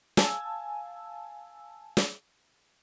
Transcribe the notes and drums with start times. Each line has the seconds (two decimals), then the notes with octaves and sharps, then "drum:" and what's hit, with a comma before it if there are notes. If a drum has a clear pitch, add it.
0.17 F5 G#5 A5 E6, drum: snare
1.97 drum: snare